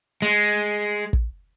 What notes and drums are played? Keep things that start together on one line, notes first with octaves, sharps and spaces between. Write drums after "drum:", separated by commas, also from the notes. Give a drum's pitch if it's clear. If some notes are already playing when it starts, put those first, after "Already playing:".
G#3
drum: kick